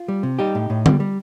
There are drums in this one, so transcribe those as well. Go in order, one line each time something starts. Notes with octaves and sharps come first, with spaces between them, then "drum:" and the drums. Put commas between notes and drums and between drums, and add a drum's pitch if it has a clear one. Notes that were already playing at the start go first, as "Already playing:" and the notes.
Already playing: F4
G3
C3
G3 D#4 G4
A2
A2
G3, drum: tom D3
G3